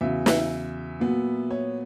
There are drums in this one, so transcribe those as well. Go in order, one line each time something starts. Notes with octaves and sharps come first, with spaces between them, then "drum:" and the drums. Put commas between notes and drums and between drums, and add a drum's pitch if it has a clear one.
E2 C#3 F#3 E5
E5, drum: snare
A#2 F#3 B3
C#5